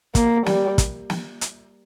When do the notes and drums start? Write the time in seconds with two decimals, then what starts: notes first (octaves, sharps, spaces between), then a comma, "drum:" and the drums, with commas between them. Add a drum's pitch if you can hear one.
0.15 A#3, drum: kick, hi-hat
0.46 G3, drum: snare
0.78 drum: kick, hi-hat
1.10 drum: snare
1.41 drum: hi-hat